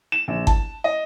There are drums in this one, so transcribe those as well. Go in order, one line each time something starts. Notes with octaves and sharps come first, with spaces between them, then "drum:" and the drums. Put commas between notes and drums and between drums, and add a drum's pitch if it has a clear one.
E7
A#1
A5, drum: kick G1
D#5